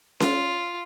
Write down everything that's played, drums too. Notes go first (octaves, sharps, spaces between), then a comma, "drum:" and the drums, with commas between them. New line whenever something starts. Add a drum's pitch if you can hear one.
F4, drum: snare C#4